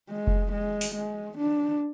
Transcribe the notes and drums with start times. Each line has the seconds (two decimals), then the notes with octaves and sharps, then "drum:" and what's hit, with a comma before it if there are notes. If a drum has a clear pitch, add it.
0.10 G#3
0.27 drum: kick F1
0.52 G#3
0.81 drum: open hi-hat
0.95 G#3
1.37 D4